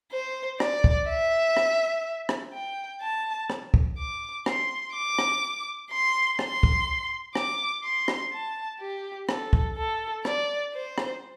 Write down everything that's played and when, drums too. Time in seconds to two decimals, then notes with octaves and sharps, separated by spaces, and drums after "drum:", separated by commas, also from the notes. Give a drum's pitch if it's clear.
0.11 C5
0.60 D5, drum: rim click
0.84 drum: kick
1.09 E5
1.57 drum: rim click
2.29 drum: rim click
2.53 G5
3.01 A5
3.50 drum: rim click
3.74 drum: kick
3.98 D6
4.46 C6, drum: rim click
4.94 D6
5.19 drum: rim click
5.91 C6
6.39 C6, drum: rim click
6.63 drum: kick
7.35 D6, drum: rim click
7.84 C6
8.08 drum: rim click
8.32 A5
8.80 G4
9.29 A4, drum: rim click
9.53 drum: kick
9.77 A4
10.25 D5, drum: rim click
10.74 C5
10.98 drum: rim click